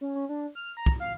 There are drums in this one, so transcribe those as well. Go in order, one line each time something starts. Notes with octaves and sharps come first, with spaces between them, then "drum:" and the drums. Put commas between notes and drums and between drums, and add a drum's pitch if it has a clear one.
C#4
C#4
D4
F6
A#5
drum: kick
F5